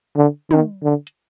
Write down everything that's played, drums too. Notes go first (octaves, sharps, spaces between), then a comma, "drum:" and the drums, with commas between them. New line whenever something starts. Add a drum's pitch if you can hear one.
D3
D#3, drum: tom
D3
drum: hi-hat